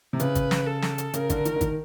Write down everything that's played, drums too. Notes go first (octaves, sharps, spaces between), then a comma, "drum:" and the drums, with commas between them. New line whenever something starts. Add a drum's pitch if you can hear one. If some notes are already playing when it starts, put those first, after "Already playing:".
C3
C#3 B4, drum: hi-hat
drum: kick G#1, hi-hat
drum: snare
A4
drum: snare
drum: hi-hat
C#3 A#4, drum: hi-hat
D3, drum: kick G#1, hi-hat
D#3, drum: hi-hat
D3
D#3, drum: kick G#1, hi-hat